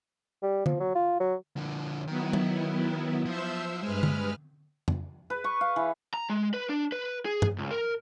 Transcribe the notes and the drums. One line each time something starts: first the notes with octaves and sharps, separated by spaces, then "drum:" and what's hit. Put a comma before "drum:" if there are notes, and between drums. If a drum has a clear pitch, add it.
G3
F3, drum: tom D3
F#3
F4
F#3
D3 F3
D#3 F#3 B3 E4
drum: tom
F3 C5 E5 E6
G2 G#3 B4 F6
drum: tom D3
drum: tom F2
B4
C#6
F5
E3
A#5
G#3
B4
D4
B4
G#4
drum: tom G2
C#2
A#4